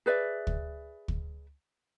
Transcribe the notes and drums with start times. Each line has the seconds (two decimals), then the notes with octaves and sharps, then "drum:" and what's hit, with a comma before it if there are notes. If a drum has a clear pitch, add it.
0.06 G#4 B4 D5 E5
0.47 drum: kick
1.08 drum: kick